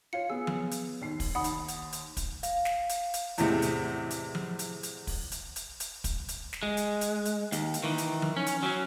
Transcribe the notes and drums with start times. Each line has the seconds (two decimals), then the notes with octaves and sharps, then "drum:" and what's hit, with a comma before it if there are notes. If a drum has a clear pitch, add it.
0.13 F4 C#5 F5 C#7
0.30 B3 G#4 E6
0.47 drum: tom F3
0.71 drum: hi-hat
1.01 D#2 C7
1.20 drum: kick, open hi-hat
1.35 D#2 F#5 B5 D#6
1.44 drum: hi-hat
1.68 drum: hi-hat
1.92 drum: hi-hat
2.17 drum: kick, hi-hat
2.43 F5, drum: hi-hat
2.65 drum: snare
2.89 drum: hi-hat
3.14 drum: hi-hat
3.38 E2 A2 C3 G#3, drum: hi-hat
3.62 drum: hi-hat
4.10 drum: hi-hat
4.35 drum: tom F3
4.59 drum: hi-hat
4.83 drum: hi-hat
5.07 drum: kick, open hi-hat
5.32 drum: hi-hat
5.56 drum: hi-hat
5.80 drum: hi-hat
6.04 drum: kick, hi-hat
6.28 drum: hi-hat
6.53 drum: snare
6.63 G#3
6.77 drum: hi-hat
7.01 drum: hi-hat
7.25 drum: hi-hat
7.52 D#2, drum: hi-hat
7.74 drum: hi-hat
7.83 D#3 E3
7.98 drum: hi-hat
8.22 drum: tom F3
8.37 C#4
8.46 drum: hi-hat
8.63 F#3 C#4